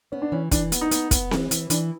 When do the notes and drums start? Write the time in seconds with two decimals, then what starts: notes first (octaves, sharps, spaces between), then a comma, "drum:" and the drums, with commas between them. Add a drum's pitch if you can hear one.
0.12 B3 C#4
0.22 D4
0.32 E3 C#4
0.51 E3 D4, drum: kick, hi-hat
0.72 B3, drum: hi-hat
0.81 D#4
0.91 B3, drum: hi-hat
1.11 B3, drum: kick, hi-hat
1.31 E3, drum: snare C4
1.51 E3, drum: hi-hat
1.70 E3 D4, drum: hi-hat